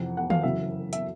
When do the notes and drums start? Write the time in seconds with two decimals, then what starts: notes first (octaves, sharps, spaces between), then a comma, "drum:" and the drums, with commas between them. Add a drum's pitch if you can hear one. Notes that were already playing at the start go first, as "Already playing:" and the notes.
Already playing: F2 C3 E3 F#5
0.17 F#5
0.30 F5, drum: tom
0.43 F#2 C#3 E3 E5
0.93 E5, drum: hi-hat